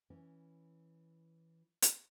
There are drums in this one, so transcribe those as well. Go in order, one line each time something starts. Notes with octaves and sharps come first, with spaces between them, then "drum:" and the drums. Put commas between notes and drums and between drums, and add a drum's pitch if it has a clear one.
E3 C#4 E4
drum: hi-hat